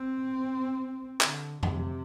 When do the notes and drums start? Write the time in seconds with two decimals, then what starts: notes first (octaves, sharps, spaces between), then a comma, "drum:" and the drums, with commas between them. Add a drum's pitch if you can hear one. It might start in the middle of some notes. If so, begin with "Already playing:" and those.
Already playing: C4
1.21 D3, drum: clap
1.63 C3, drum: tom F2